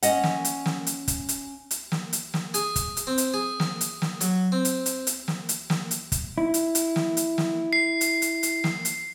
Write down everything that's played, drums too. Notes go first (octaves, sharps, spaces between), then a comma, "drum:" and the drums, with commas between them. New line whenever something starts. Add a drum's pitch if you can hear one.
C#4 D#5 F#5, drum: hi-hat
drum: snare
drum: hi-hat
drum: snare
drum: hi-hat
drum: kick, hi-hat
drum: hi-hat
drum: hi-hat
drum: snare
drum: hi-hat
drum: snare
G#4, drum: hi-hat
drum: kick, hi-hat
drum: hi-hat
C4
drum: hi-hat
G#4
drum: snare
drum: hi-hat
drum: snare
F#3, drum: hi-hat
C4
drum: hi-hat
drum: hi-hat
drum: hi-hat
drum: snare
drum: hi-hat
drum: snare
drum: hi-hat
drum: kick, hi-hat
E4
drum: hi-hat
drum: hi-hat
drum: snare
drum: hi-hat
drum: snare
C7
drum: hi-hat
drum: hi-hat
drum: hi-hat
drum: snare
drum: hi-hat